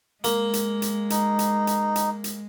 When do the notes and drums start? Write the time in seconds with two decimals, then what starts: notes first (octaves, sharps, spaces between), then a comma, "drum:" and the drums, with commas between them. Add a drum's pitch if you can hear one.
0.24 G#3 A#3, drum: hi-hat
0.53 drum: hi-hat
0.82 drum: hi-hat
1.10 D#4, drum: hi-hat
1.39 drum: hi-hat
1.67 drum: hi-hat
1.96 drum: hi-hat
2.24 drum: hi-hat